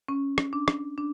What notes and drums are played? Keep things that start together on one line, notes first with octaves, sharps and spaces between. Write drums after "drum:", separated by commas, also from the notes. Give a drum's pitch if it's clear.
C#4
drum: rim click
D4
drum: rim click
D4